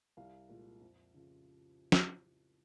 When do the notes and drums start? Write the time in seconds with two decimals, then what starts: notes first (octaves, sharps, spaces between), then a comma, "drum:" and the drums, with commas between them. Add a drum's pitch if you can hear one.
0.17 C2 F5
0.49 A#2 F3 G#3
0.82 F2
1.14 C#3 F3
1.92 drum: snare